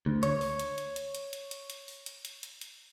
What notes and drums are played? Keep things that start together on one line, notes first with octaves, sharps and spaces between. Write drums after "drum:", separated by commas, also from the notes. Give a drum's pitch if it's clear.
D2
C#5, drum: hi-hat
drum: open hi-hat
drum: hi-hat
drum: hi-hat
drum: hi-hat
drum: hi-hat
drum: hi-hat
drum: hi-hat
drum: hi-hat
drum: open hi-hat
drum: hi-hat
drum: hi-hat
drum: hi-hat
drum: hi-hat